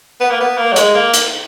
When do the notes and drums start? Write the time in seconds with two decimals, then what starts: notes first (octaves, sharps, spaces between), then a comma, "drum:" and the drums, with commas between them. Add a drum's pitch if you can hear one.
0.20 B3
0.31 A#3
0.41 B3
0.57 A#3
0.72 F#3
0.76 G#3, drum: hi-hat
0.95 A#3
1.14 drum: hi-hat